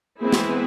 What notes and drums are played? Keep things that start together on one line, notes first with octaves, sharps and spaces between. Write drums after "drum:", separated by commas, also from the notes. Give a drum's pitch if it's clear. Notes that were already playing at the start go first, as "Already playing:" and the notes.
E3 G#3 A#3 C4 E4 G#4
drum: snare
B3